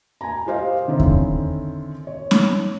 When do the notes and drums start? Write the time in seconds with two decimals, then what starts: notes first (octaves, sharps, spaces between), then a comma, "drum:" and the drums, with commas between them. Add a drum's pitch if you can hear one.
0.21 G#5 A#5
0.46 F4 G4 A#4 C5 D#5 F5
0.88 D3 D#3 C4 C#4 E4
1.00 drum: kick E2
2.07 C#5
2.31 drum: snare C#4